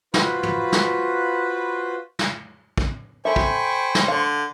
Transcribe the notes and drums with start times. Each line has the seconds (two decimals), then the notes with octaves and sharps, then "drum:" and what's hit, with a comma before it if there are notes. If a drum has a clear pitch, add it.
0.14 F4 F#4 B4 C5 B5, drum: snare
0.43 drum: tom
0.72 drum: snare
2.19 drum: snare
2.78 drum: kick
3.25 A4 C5 E5 G5 G#5 B5 C#6
3.36 drum: kick
3.95 drum: snare
4.08 D3 F5